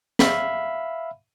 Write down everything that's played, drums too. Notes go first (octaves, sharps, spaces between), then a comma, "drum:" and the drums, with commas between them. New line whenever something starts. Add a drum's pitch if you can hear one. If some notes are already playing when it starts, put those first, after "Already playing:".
E5 F5 B5, drum: snare